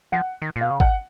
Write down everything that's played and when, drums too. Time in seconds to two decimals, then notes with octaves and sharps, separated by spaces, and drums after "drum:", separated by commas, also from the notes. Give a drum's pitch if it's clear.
0.12 F3 F#5
0.42 D#3
0.56 A#2
0.61 B2 F5
0.71 C#3
0.80 F#5, drum: kick